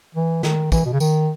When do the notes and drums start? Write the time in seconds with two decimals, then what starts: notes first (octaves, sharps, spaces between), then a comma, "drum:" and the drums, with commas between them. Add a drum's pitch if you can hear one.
0.15 E3
0.43 D#3, drum: snare
0.72 E3, drum: kick, tambourine
0.85 B2
0.93 C#3
1.00 D#3, drum: tambourine